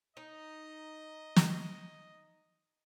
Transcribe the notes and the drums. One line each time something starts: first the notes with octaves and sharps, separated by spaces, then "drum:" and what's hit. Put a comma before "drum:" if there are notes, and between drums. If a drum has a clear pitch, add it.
D#4 D#5
drum: snare